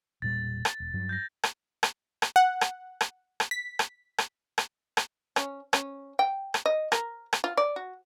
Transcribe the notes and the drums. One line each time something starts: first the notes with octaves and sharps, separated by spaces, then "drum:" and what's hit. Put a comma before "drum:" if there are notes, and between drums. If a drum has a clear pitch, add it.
E1 A#2 G3 A6
drum: rim click
E1
G2 F#3
G6 A6 A#6
drum: rim click
drum: rim click
drum: rim click
F#5
drum: rim click
drum: rim click
drum: rim click
B6
drum: rim click
drum: rim click
drum: rim click
drum: rim click
C#4, drum: rim click
C#4, drum: rim click
G5
drum: rim click
D#5
A#4, drum: rim click
drum: rim click
F4
D5
F#4